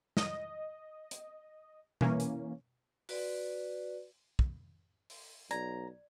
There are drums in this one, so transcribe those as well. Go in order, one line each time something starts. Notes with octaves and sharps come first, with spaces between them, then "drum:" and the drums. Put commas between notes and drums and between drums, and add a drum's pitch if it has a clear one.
D#5, drum: snare
drum: hi-hat
E3 A#3 C#4, drum: tom B2
drum: hi-hat
F#4 B4 D5, drum: open hi-hat
drum: kick
drum: open hi-hat
B1 D5 A#5, drum: hi-hat